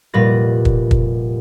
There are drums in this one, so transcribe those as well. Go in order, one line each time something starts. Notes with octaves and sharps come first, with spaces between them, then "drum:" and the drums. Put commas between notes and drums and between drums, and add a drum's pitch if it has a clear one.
F1 A#2 G3 B4 A#6
drum: kick
drum: kick